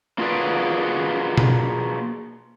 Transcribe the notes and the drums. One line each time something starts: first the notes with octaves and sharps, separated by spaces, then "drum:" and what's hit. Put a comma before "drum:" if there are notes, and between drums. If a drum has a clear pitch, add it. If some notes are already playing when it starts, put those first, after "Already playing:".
A#3 F4 F#4 G#4 B4 D5
drum: tom B2